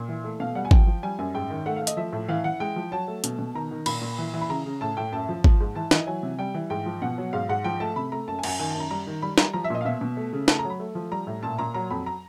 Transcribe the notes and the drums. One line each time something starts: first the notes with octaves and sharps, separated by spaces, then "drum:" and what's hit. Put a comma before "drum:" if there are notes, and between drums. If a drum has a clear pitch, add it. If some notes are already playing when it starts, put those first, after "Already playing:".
Already playing: A#2
E3
A3
B2 F5
G3 F#5
G#5
F3 G5, drum: kick G#1
F3
G3 G#5
F#2 G#5
G#2 G5
D#3
A3 F#5
F5
A3
D#5, drum: hi-hat
F3 E5
A2
E3 F5
E3 F#5
G#3 G5
F3
F#3 A5
A3
B2, drum: hi-hat
B2
D#3 A#5
D#3
A#2 B5, drum: cymbal
A#2
E3
E3
B5
C#3 A#5
C#3
A2 A5
A2 G5
F#2 A5
F3
F3, drum: kick G#1
G#2
E3 A5
E3 D#5, drum: snare
F#3 G#5
C3
G3 G5
E3
G#2 G5
F3
B2 F#5
F#3
G#2 F5
G#2 F#5
F3 G5
A3 A5
C3 B5
A3 A#5
F#2 A5
G#5
F#2, drum: cymbal
G#5
D#3 G#5
F#2 A5
A#5
G3 A#5
D#3
G3 B5
G3 A#5, drum: snare
F3 A#5
E5
A#2 D#5
F5
B2 E5
B2
A3
C#3
A3 A5, drum: snare
A#5
F#3
B5
A3
F3
G3 A#5
A2
A#2 A5
A#2 A#5
F#3 A#5
F2 B5
A#5